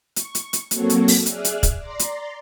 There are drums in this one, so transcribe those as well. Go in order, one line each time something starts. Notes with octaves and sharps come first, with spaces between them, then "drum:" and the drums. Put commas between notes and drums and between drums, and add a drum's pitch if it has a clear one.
C#6, drum: hi-hat
drum: hi-hat
drum: hi-hat
F#3 A#3 C4 F#4 A4 C#5, drum: hi-hat
drum: hi-hat
drum: open hi-hat
G#4 D5 E5 F6 F#6, drum: hi-hat
drum: hi-hat
drum: kick, hi-hat
D5 A#5 C6
drum: hi-hat